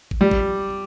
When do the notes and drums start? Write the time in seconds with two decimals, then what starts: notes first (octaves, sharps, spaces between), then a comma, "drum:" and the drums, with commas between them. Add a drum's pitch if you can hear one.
0.11 drum: kick
0.21 G3
0.31 drum: kick